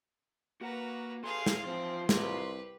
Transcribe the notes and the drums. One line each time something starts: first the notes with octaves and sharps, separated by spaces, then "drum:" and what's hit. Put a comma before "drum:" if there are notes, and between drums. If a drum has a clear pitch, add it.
A#3 F#4 B4 F#5 A#5
G#4 A4 B4 F5 C6
drum: snare
E3 F3 C4 F4
C2 G4 B4, drum: snare